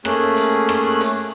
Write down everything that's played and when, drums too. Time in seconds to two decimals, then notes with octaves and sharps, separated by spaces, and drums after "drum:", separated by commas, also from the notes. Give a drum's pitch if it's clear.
0.05 A3 A#3 C#4 G#4 F#6, drum: rim click
0.37 drum: hi-hat
0.69 drum: rim click
1.01 drum: hi-hat